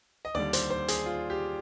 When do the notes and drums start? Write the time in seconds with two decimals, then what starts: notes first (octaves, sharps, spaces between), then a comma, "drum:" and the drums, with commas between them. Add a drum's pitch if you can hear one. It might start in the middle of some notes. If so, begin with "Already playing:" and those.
0.25 D#5
0.34 D#2 D3 G3 D5
0.53 C5, drum: hi-hat
0.70 C5
0.88 G#4, drum: hi-hat
1.06 F4
1.30 G4